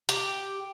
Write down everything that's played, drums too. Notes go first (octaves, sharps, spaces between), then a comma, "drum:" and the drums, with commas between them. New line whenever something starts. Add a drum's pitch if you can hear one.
G4, drum: hi-hat